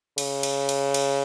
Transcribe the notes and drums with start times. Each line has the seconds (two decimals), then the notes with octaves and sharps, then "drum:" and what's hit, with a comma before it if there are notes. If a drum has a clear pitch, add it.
0.18 C#3, drum: cymbal
0.43 drum: cymbal
0.69 drum: cymbal
0.94 drum: cymbal